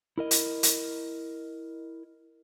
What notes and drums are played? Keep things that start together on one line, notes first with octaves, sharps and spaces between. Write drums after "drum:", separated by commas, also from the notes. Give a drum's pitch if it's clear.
E4 A#4 D#5
drum: hi-hat
drum: hi-hat